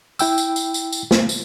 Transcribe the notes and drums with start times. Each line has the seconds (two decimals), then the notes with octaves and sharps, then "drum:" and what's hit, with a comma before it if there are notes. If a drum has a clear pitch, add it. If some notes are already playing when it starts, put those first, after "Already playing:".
0.19 E4 G5 E6, drum: tambourine
0.38 drum: tambourine
0.56 drum: tambourine
0.74 drum: tambourine
0.93 drum: tambourine
1.11 drum: snare
1.29 drum: tambourine